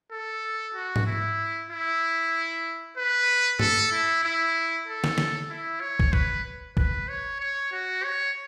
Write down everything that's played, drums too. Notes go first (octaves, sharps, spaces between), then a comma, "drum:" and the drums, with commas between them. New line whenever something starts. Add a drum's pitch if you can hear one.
A4
F#4
drum: tom G#2
E4
E4
B4
A4, drum: tom G2
E4
E4
A4
drum: snare
drum: snare
E4
C#5
drum: kick
B4, drum: kick
B4, drum: kick
C#5
C#5
F#4
C#5